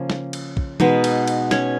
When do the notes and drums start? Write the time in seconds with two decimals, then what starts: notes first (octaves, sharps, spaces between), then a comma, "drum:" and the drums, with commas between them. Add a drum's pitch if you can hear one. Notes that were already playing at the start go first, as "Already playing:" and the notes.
Already playing: C#3 F3 A#3 C#4
0.10 drum: snare
0.33 drum: cymbal
0.57 drum: kick
0.80 B2 G#3 B3 D#4 D#5, drum: tom E3
1.04 drum: cymbal
1.28 drum: cymbal
1.51 C#4 C#5, drum: snare